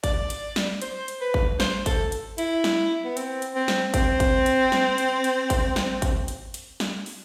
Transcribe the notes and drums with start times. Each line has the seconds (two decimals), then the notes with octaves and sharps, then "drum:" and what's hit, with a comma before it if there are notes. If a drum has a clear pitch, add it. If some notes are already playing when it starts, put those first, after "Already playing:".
0.04 D5, drum: kick G#1, hi-hat
0.30 drum: hi-hat
0.56 drum: snare
0.82 C5, drum: hi-hat
1.08 drum: hi-hat
1.21 B4
1.34 drum: kick G#1
1.60 C5, drum: snare
1.86 A4, drum: kick G#1, hi-hat
2.12 drum: hi-hat
2.38 E4, drum: hi-hat
2.64 drum: snare
3.05 B3
3.17 C4, drum: hi-hat
3.42 drum: hi-hat
3.55 C4
3.68 drum: snare
3.94 C4, drum: kick G#1, hi-hat
4.20 drum: kick G#1, hi-hat
4.46 drum: hi-hat
4.72 drum: snare
4.98 drum: hi-hat
5.24 drum: hi-hat
5.50 drum: kick G#1, hi-hat
5.76 drum: snare
6.02 drum: kick G#1, hi-hat
6.28 drum: hi-hat
6.54 drum: hi-hat
6.80 drum: snare
7.06 drum: open hi-hat